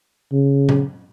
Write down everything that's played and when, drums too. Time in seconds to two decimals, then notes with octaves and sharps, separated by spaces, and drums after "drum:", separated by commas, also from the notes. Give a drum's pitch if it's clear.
0.32 C#3
0.69 drum: tom A#2